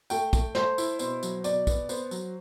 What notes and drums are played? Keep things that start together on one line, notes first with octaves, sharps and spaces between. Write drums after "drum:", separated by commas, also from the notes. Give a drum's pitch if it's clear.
A3 G5, drum: tambourine
A3, drum: kick, tambourine
A3 C5, drum: snare
E4, drum: tambourine
B2 C5, drum: tambourine
F#3, drum: tambourine
B2 D5, drum: tambourine
B3, drum: kick, tambourine
B3 C5, drum: tambourine
F#3, drum: tambourine